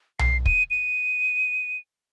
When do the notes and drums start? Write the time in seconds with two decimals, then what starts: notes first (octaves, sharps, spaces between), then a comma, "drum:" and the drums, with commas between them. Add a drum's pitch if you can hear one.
0.19 C7, drum: tom B1
0.46 D#7, drum: kick
0.70 D#7